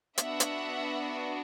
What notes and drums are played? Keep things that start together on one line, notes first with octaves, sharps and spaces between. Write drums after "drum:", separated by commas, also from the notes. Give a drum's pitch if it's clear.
B3 D4 F#4 E5 F#5, drum: hi-hat
drum: hi-hat